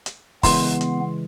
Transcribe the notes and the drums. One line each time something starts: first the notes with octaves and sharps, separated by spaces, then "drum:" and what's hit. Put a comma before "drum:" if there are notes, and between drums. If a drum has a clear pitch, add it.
drum: hi-hat
C#3 E3 G#3 B3 C6, drum: kick, open hi-hat
drum: hi-hat